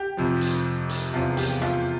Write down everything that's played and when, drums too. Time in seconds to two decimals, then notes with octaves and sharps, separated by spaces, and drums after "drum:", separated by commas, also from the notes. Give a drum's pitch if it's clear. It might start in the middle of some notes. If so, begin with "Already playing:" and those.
Already playing: G4
0.17 F2 C3 F3
0.41 drum: hi-hat
0.89 drum: hi-hat
1.13 E2 C3 F3 F4
1.30 G#4
1.37 G4, drum: hi-hat
1.62 F4, drum: rim click